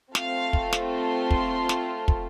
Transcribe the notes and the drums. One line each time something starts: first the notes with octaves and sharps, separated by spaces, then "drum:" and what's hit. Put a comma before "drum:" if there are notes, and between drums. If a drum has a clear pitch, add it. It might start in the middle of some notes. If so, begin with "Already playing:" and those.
A3 C4 F4 A4 F5, drum: snare
drum: kick
drum: snare
C6
drum: kick
drum: snare
drum: kick